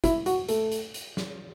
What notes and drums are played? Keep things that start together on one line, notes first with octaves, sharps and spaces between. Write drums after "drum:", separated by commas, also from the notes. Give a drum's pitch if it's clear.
E4, drum: kick, hi-hat
F#4, drum: hi-hat
A3, drum: hi-hat
drum: hi-hat
drum: hi-hat
drum: snare